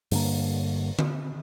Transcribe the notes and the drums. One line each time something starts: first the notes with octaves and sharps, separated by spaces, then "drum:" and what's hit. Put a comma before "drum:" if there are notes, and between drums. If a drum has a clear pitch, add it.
G2 D3 A#3, drum: open hi-hat
drum: tom D3